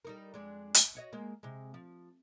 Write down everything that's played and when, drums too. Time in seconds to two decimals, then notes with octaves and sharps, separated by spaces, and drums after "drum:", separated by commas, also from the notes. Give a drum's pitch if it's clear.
0.05 G3 D#4 A#4
0.34 F2 G#3 D4
0.74 drum: hi-hat
0.95 F#4 C#5 D#5
1.12 G#3 A#3
1.43 C3 G#3
1.74 F3